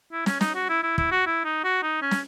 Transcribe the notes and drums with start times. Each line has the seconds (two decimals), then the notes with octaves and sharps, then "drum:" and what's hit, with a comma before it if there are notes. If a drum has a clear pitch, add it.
0.12 E4
0.26 C#4, drum: snare
0.41 D#4, drum: snare
0.55 F#4
0.69 E4
0.83 E4
0.98 E4, drum: kick
1.11 F#4
1.26 E4
1.44 D#4
1.64 F#4
1.83 D#4
2.02 C#4
2.11 drum: snare